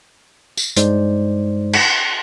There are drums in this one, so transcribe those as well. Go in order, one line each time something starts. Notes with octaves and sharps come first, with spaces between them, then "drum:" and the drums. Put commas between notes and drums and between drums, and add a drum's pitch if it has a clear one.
drum: tambourine
G2 G#3 D#4 C5 D5, drum: hi-hat
drum: cymbal